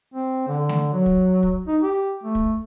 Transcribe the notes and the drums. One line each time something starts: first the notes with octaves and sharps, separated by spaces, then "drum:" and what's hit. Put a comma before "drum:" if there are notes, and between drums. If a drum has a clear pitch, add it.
C4
D3
drum: snare A3
F#3
drum: kick
drum: kick
D#4
G4
A3
drum: kick